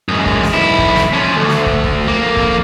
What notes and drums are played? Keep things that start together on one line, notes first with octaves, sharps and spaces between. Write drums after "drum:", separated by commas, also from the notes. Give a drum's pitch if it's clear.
F#2 G#3
drum: kick
drum: snare
B1 E4
drum: kick
drum: snare
F3 C#4
D2
drum: snare
drum: kick
drum: kick
F2 A#3
drum: kick